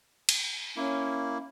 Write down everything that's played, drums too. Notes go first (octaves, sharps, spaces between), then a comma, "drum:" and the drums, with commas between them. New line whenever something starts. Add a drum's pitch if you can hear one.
drum: cymbal
A#3 C#4 E4